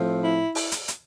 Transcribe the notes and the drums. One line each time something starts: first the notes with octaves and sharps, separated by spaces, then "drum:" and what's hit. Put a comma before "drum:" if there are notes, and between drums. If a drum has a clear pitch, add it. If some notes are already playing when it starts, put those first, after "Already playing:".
Already playing: A2 F3 A3 C4
E4
E4, drum: open hi-hat
drum: hi-hat
drum: hi-hat